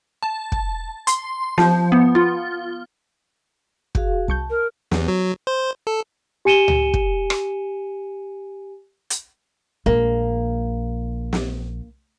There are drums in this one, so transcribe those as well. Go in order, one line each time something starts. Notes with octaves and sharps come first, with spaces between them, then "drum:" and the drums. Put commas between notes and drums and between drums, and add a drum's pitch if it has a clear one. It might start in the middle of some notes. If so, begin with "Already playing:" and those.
A5
drum: kick
C6, drum: hi-hat
F3, drum: snare
B3
F4
F#4 G#4 F5, drum: kick
C2 A5 C#6 G6
A#4
E2, drum: snare
F#3
C5
A4
G4 G#5 C#7 D#7 E7 G7
drum: tom C#2
drum: kick
drum: rim click
drum: hi-hat
A#1 G#3 A#3
drum: snare